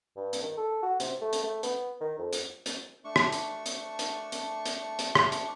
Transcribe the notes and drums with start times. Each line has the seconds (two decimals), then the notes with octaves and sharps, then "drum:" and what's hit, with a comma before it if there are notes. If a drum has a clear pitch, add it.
0.16 G2
0.33 drum: hi-hat
0.42 D#3
0.57 A4
0.83 F#4
1.00 C3, drum: hi-hat
1.21 A3
1.33 drum: hi-hat
1.44 A3
1.63 B3, drum: hi-hat
2.01 D#3
2.18 F2
2.33 drum: hi-hat
2.66 drum: hi-hat
3.05 A3 D4 C#6
3.16 drum: rim click
3.32 drum: hi-hat
3.66 drum: hi-hat
3.99 drum: hi-hat
4.32 drum: hi-hat
4.66 drum: hi-hat
4.99 drum: hi-hat
5.15 drum: rim click
5.32 drum: hi-hat